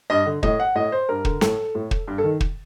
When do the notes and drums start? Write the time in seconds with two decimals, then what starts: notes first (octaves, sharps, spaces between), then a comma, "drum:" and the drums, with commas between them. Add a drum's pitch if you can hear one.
0.10 G2 D#5
0.26 D3
0.43 A2 D#5, drum: kick
0.60 F#5
0.76 A2 D#5
0.92 C5
1.09 G2 A#4
1.25 D3, drum: kick
1.41 A2 A4, drum: snare
1.75 A2
1.91 drum: kick
2.08 G2
2.18 A4
2.24 D#3
2.40 drum: kick